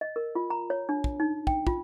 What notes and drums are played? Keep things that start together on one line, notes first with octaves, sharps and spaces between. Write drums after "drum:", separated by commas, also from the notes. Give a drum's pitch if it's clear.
D#5
A#4
F4
A#5
C#5
D4
drum: kick
D#4
G5, drum: kick
F4, drum: kick